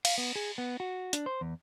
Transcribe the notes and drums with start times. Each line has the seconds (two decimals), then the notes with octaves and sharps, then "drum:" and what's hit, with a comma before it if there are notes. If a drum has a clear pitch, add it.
0.05 F5, drum: cymbal
0.18 B3
0.36 G#4
0.58 B3
0.80 F#4
1.13 D4, drum: hi-hat
1.26 C5
1.41 E2